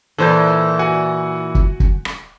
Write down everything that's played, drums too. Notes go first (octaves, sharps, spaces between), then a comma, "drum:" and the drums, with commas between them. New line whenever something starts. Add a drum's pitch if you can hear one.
A#2 E3 A4 C5 G6
F#4 F#5 G#5
drum: kick
drum: kick
drum: rim click